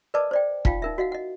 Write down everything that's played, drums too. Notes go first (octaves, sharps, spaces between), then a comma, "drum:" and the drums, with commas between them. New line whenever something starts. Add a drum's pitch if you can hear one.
A#4 B4 D5 D#5 A5 D6
C5 D5 G5
D#4 F4 F5 G5, drum: kick
D#4 A#4 E5
F#4 D#5 F5 F#5
D#5 F#5